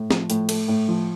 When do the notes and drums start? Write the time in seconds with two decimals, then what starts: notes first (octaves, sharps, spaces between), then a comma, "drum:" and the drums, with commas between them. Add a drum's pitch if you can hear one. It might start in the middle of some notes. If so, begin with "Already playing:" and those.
Already playing: A2
0.11 F3, drum: snare C4
0.30 A2, drum: hi-hat
0.49 A3, drum: cymbal
0.68 A2
0.88 F3